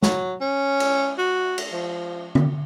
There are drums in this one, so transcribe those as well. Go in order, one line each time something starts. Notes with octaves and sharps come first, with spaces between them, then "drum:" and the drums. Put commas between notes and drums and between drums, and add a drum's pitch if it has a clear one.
F#3, drum: snare
C#4
drum: cymbal
F#4
drum: cymbal
F3
drum: tom D3